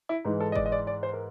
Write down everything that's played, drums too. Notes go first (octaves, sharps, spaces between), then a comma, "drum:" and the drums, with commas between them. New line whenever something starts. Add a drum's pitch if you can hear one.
E4
G#2 E3 G#3 D#4
A4
D#5
D5, drum: kick F#1
D#5
D5
D5
C5
A#4